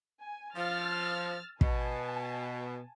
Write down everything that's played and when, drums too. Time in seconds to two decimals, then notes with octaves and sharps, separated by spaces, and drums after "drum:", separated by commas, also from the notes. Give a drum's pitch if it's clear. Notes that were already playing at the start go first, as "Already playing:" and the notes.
0.21 G#5
0.56 F3 E6 F6 A6
1.61 B2 G#5 A5, drum: kick